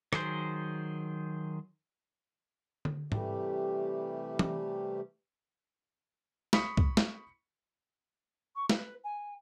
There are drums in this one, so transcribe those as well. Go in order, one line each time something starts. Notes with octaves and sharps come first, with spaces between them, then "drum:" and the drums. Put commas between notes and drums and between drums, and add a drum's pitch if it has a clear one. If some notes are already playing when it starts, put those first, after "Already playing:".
D#3 F#3 G#4 C5, drum: rim click
drum: tom D3
C3 E3 G3 A3 G4, drum: tom G#2
drum: tom
B5 C#6 D#6 B6 C#7, drum: snare
drum: kick
drum: snare
C#6
B4, drum: snare
G#5